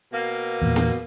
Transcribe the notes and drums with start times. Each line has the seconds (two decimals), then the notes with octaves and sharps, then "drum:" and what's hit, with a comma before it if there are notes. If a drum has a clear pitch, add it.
0.12 B2 A#3
0.62 E2 A#2
0.76 drum: snare